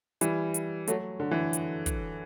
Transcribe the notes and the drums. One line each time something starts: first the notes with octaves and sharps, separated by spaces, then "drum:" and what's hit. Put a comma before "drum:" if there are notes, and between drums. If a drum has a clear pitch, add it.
E3 G3, drum: hi-hat
drum: hi-hat
F#3 A3, drum: hi-hat
D3
E3
drum: hi-hat
drum: kick, hi-hat